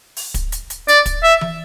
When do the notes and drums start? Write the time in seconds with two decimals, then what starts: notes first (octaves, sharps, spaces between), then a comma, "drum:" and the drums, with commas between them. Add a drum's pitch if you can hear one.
0.17 drum: open hi-hat
0.34 drum: kick, hi-hat
0.52 drum: hi-hat
0.70 drum: hi-hat
0.88 D5, drum: hi-hat
1.06 drum: kick, hi-hat
1.23 E5
1.41 drum: tom E3